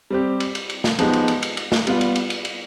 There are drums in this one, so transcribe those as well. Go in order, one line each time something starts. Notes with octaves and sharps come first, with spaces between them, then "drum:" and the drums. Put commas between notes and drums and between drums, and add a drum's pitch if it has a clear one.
G3 C4 G4
drum: cymbal
drum: cymbal
drum: cymbal
drum: snare
F3 G#3 B3 D#4 G4, drum: cymbal
drum: cymbal
drum: cymbal
drum: cymbal
drum: cymbal
drum: snare
G3 B3 F4, drum: cymbal
drum: cymbal
drum: cymbal
drum: cymbal
drum: cymbal